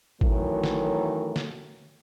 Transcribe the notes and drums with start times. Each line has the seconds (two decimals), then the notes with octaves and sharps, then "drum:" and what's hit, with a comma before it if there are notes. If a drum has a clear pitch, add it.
0.21 F#2 D#3 E3 F#3 A3, drum: kick G#1
0.63 drum: snare
1.36 drum: snare